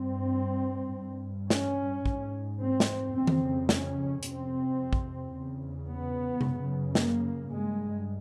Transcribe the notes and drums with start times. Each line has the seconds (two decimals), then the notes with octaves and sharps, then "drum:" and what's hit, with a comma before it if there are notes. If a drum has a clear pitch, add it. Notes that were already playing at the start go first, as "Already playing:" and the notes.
Already playing: G2 C4
0.96 G2
1.50 C#4, drum: snare
2.06 G#2, drum: kick
2.60 C4
2.80 drum: snare
3.14 F2 C#3 C4
3.27 drum: tom D#3
3.69 C#4, drum: snare
4.23 F2 C3 C4, drum: hi-hat
4.93 drum: kick
5.32 E2 C#3
5.87 B3
6.41 F#2 C#3, drum: tom C3
6.95 A#3, drum: snare
7.50 G2 G#3